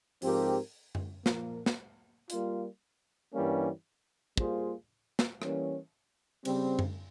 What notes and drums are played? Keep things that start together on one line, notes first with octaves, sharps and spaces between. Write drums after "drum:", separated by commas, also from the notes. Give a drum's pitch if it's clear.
G#2 F3 C4 G4 A#4, drum: open hi-hat
drum: tom F#2
A#2 F3 A#3, drum: snare
drum: snare
G3 A#3 F4, drum: hi-hat
G2 E3 G3 A#3 C#4
G3 A#3 F4 G#4 C5, drum: kick
drum: snare
E3 G3 A#3 C#4, drum: rim click
C#3 G3 C4, drum: cymbal
drum: tom F#2